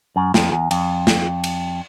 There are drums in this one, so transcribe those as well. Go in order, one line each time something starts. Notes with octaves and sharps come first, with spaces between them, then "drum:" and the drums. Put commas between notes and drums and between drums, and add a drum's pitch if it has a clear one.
F#2
F2, drum: snare
E2
F2, drum: cymbal
drum: snare
drum: cymbal